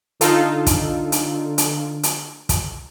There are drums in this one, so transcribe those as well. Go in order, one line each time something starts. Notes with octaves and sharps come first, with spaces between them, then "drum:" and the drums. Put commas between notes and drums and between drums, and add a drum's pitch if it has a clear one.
D3 D#4 F4 A4, drum: hi-hat
drum: kick, hi-hat
drum: hi-hat
drum: hi-hat
drum: hi-hat
drum: kick, hi-hat